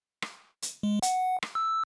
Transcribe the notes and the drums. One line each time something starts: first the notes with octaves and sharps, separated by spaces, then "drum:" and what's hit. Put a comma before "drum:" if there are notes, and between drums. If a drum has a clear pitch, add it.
drum: rim click
drum: hi-hat
G#3
F#5, drum: hi-hat
drum: rim click
E6